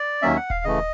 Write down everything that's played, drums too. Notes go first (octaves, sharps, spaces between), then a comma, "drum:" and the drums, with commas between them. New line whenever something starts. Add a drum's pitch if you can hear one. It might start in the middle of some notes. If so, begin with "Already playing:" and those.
Already playing: D5
D#2 D#3 F#3 A#3 C#4 E5
F#5
F5, drum: kick D#1
C#3 E3 A3 D#5